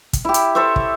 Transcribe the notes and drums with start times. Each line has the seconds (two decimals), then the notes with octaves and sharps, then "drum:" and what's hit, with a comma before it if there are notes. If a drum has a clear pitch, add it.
0.13 drum: kick, hi-hat
0.25 E4 G4
0.34 drum: hi-hat
0.55 A4 C5 C#5 E5
0.76 drum: kick